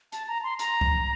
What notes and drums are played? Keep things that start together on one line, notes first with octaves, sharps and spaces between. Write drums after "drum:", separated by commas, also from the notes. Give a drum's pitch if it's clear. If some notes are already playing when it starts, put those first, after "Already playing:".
A5, drum: hi-hat
A#5
C6
A#5, drum: hi-hat
drum: kick C2